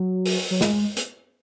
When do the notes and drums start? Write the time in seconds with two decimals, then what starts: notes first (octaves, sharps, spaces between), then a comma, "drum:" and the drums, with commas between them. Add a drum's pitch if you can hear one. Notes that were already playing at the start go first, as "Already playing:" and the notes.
Already playing: F#3
0.26 drum: open hi-hat
0.51 F#3
0.61 G#3, drum: snare
0.97 drum: hi-hat